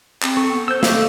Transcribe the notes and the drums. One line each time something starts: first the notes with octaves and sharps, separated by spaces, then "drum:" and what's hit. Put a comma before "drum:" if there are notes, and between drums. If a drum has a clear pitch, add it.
C4, drum: clap
A4 C#6
B3
C5 E6 G6
G4 D#5 F5 D6, drum: snare
A4